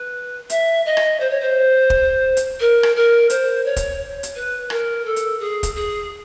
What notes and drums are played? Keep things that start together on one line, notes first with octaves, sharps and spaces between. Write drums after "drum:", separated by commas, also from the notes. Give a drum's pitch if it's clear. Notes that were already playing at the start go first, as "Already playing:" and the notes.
Already playing: B4
E5, drum: hi-hat
D#5
drum: rim click
C5
C#5
C5
drum: kick
drum: hi-hat
A#4
drum: rim click
A#4
C5, drum: hi-hat
C#5
drum: kick, hi-hat
drum: hi-hat
B4
A#4, drum: rim click
A4
drum: hi-hat
G#4
drum: kick, hi-hat
G#4